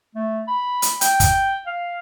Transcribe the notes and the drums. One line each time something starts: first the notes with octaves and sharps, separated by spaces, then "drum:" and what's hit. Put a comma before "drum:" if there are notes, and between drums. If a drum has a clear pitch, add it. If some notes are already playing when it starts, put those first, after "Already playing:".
A3
B5
drum: hi-hat
G5, drum: hi-hat
drum: kick, hi-hat
F5